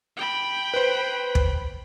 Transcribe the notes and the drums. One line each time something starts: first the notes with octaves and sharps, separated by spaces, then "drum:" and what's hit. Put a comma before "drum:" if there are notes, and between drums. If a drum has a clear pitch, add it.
G5 B5
B4 C5
drum: kick